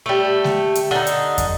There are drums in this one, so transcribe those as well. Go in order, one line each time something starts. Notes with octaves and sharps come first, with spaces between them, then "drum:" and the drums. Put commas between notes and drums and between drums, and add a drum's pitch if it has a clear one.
G3 A3
drum: snare G#3
drum: hi-hat
D3 D#4
drum: hi-hat
drum: kick, hi-hat